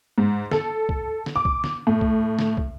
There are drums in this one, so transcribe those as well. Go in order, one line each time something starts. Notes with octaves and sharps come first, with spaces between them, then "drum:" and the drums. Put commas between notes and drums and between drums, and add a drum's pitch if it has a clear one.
G#2
A4, drum: snare
drum: kick
drum: snare
D6
drum: kick
drum: snare
A2
drum: kick
drum: snare
drum: kick